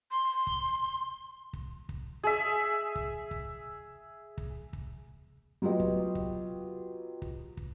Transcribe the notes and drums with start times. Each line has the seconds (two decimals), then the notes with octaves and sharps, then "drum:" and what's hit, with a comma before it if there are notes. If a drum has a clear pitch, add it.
0.10 C6
0.47 drum: kick
1.53 drum: kick
1.89 drum: kick
2.23 G#4 E5
2.95 drum: kick
3.31 drum: kick
4.38 drum: kick
4.73 drum: kick
5.62 F#3 B3 F4 G4 D#5
5.80 drum: kick
6.15 drum: kick
7.22 drum: kick
7.57 drum: kick